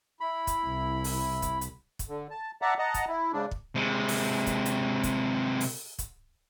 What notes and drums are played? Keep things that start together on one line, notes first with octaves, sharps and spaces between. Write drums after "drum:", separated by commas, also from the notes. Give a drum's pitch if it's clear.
E4 B5
drum: kick, hi-hat
C2
drum: open hi-hat
drum: kick, hi-hat
drum: hi-hat
drum: kick, hi-hat
D3
A5
D5 E5 F#5 A5 A#5
D#5 F#5 A5 A#5
drum: kick, hi-hat
E4
G#2 C#3 D4
drum: kick
C3 G#3
drum: open hi-hat
drum: kick, hi-hat
drum: hi-hat
drum: kick, hi-hat
drum: open hi-hat
drum: kick, hi-hat